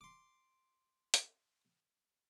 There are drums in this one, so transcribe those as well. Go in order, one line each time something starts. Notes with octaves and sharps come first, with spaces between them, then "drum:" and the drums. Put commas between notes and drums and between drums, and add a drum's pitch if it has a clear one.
C6 D6
drum: hi-hat